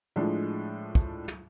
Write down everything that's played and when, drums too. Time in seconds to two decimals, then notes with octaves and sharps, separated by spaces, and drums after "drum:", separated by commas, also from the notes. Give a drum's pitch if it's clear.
0.16 A2 F3 G#3 D4
0.95 drum: kick
1.28 drum: tom